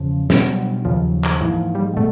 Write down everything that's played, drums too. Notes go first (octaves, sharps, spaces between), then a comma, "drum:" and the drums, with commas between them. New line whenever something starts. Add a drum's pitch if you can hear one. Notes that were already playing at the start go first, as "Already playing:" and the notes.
Already playing: E2 C#3 F3
B2 F#3 G3 B3 D4, drum: snare
D#2 C#3 F3 F#3
drum: clap
G#2 E3 F3 A#3
G3
G#3
B2 G3 A3